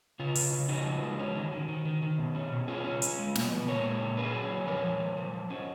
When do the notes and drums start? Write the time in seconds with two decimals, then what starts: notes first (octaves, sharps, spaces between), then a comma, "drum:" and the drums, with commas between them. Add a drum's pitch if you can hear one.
0.19 C#3 F4
0.35 C#3, drum: open hi-hat
0.53 C#3
0.69 F3 D#4 F#4
0.86 F3
1.03 G#3
1.19 C#4
1.35 D#3
1.52 D#3
1.69 D#3
1.85 D#3
2.03 D#3
2.18 B2
2.35 C#4
2.52 B2
2.68 C#4 F4 G#4
2.84 C#4
3.02 C#4, drum: hi-hat
3.19 G#3
3.35 B2, drum: snare
3.51 B3
3.68 A#2 A#4 C#5
3.85 G#3
4.01 A#2
4.17 C#4 G#4 B4
4.34 F#3
4.50 F#3
4.67 F3 A#4 C#5
4.84 F3
5.00 F3
5.17 F3
5.34 F3
5.50 C#4